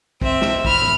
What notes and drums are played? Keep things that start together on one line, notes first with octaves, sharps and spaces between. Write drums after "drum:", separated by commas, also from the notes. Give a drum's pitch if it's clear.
C4 E5, drum: kick
drum: snare
B5 F6, drum: kick
drum: tom